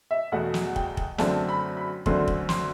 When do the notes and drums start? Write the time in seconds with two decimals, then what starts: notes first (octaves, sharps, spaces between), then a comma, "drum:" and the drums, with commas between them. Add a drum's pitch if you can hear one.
0.11 E5
0.32 E2 B2 A3 F#5
0.54 drum: snare
0.76 G5, drum: kick
0.97 drum: kick
1.18 F#2 D3 A3 C4 A5, drum: snare
1.49 B5
1.77 B5
2.06 F#2 D3 A3 C4 C6, drum: kick
2.28 drum: kick
2.49 C6, drum: snare